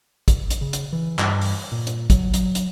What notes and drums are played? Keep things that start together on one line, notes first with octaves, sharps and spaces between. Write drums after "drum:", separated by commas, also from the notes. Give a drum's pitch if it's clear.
drum: kick, hi-hat
drum: hi-hat
C#3
drum: hi-hat
E3
G2, drum: clap
drum: open hi-hat
A#2
drum: hi-hat
F#3, drum: kick, hi-hat
F#3, drum: hi-hat
drum: hi-hat